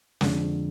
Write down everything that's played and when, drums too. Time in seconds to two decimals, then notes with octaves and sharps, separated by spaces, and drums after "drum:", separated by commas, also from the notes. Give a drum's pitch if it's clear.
0.21 F2 D3 G#3 D4, drum: snare